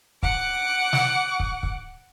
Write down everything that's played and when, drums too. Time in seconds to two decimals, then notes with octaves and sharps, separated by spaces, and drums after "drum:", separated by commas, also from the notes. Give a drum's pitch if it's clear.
0.23 F#5 D6, drum: kick
0.93 drum: snare
1.40 drum: kick
1.63 drum: kick